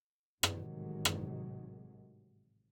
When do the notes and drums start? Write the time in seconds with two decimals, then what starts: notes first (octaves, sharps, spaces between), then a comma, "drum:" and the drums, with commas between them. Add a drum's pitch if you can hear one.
0.43 A1 G#2 C3 D#3 F#3 G#3, drum: rim click
1.05 drum: rim click